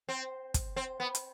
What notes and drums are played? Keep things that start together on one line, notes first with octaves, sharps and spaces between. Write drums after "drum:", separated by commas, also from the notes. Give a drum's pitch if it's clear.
C4
drum: kick, hi-hat
C4
B3
drum: hi-hat